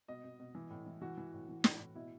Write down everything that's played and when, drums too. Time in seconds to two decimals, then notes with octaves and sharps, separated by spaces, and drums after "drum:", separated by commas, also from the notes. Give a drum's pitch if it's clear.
0.08 B2 D#5
0.24 B2
0.40 B2
0.55 E3
0.70 A2
0.86 E3
1.01 E3 F#4
1.18 E3
1.34 A2
1.49 E3
1.64 A2, drum: snare
1.80 A2
1.95 B2 E4